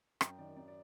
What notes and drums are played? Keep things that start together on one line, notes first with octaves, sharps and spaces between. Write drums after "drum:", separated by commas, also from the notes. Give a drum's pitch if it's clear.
F#2 G5, drum: rim click
D#3 D5
F#2 D5
D5